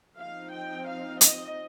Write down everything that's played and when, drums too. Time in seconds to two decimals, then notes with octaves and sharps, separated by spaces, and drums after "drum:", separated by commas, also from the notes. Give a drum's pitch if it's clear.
0.16 F3 C4 D#4 F5
0.52 G5
0.86 F5
1.21 D#5, drum: hi-hat